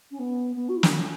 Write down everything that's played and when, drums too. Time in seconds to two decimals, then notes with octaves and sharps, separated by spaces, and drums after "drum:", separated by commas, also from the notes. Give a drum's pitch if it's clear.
0.11 C#4
0.19 B3
0.55 B3
0.68 F#4
0.76 E4
0.83 D4, drum: snare
0.90 C#4